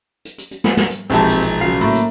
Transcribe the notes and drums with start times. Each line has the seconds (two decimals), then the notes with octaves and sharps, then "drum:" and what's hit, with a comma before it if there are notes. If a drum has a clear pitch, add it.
0.25 drum: hi-hat
0.38 drum: hi-hat
0.51 drum: hi-hat
0.64 drum: snare
0.77 drum: snare
0.90 drum: hi-hat
1.10 E1 A#1 G#3 C4 D#4 G4 A5
1.29 drum: hi-hat
1.42 drum: hi-hat
1.61 C#3 F#3 F5
1.81 A2 A#3
1.94 drum: hi-hat